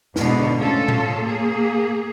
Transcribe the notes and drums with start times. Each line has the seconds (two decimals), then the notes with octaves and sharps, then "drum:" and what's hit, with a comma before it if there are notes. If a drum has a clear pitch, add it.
0.16 E2 G#2 B2 D3, drum: snare
0.58 A2 C#4 F4 A4
0.88 drum: tom A2
1.24 A#3 G#4